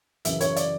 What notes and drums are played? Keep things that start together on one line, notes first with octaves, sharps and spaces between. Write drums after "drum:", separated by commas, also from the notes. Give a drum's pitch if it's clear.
F#2 C#3 E3 E5, drum: hi-hat
C#5, drum: hi-hat
D5, drum: hi-hat